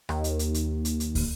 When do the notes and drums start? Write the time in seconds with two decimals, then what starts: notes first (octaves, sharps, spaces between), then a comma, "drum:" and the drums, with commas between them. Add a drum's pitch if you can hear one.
0.09 D#2, drum: rim click
0.24 drum: hi-hat
0.39 drum: hi-hat
0.54 drum: hi-hat
0.85 drum: hi-hat
1.00 drum: hi-hat
1.15 drum: kick, open hi-hat